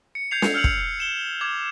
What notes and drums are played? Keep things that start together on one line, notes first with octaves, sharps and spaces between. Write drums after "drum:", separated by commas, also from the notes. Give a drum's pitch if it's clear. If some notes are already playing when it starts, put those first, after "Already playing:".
C#7
G6 G#6 C7 F7
drum: snare
E6 F6 G6 C#7 F7 F#7
drum: kick
E7 G7
D6 G#6